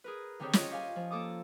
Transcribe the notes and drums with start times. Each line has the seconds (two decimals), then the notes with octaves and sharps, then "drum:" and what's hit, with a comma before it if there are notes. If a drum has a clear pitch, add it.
0.04 G#4 A#4 B4
0.40 D3 D#3 C4 G4 G#4 C#5
0.53 C#4 F4 C#5 D#5, drum: snare
0.71 G4 F5 G#5
0.96 F3
1.10 A#3 A4 D6 D#6